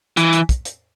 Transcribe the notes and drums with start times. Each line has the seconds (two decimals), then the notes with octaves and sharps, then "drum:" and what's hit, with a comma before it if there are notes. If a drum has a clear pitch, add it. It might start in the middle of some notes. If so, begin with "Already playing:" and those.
0.17 E3, drum: hi-hat
0.33 drum: hi-hat
0.49 drum: kick, hi-hat
0.65 drum: hi-hat